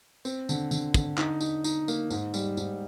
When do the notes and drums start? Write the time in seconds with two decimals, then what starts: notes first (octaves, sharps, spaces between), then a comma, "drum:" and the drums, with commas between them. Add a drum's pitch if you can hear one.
0.25 C4, drum: tambourine
0.49 D3, drum: tambourine
0.71 D3, drum: tambourine
0.94 D3, drum: kick, tambourine
1.18 D#4, drum: clap
1.41 D#4, drum: tambourine
1.64 D#4, drum: tambourine
1.88 A#3, drum: tambourine
2.10 G#2, drum: tambourine
2.34 G3, drum: tambourine
2.57 G#2, drum: tambourine